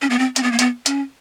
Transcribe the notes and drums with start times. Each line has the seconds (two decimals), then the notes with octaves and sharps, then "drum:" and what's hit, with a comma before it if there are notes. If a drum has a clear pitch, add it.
0.02 C#4
0.10 B3
0.19 C4
0.36 C4, drum: hi-hat
0.43 B3
0.52 A#3
0.59 B3, drum: hi-hat
0.86 C#4, drum: hi-hat